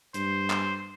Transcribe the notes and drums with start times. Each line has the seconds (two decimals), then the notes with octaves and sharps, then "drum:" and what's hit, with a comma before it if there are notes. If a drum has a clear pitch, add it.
0.14 G2 C5, drum: hi-hat
0.50 drum: clap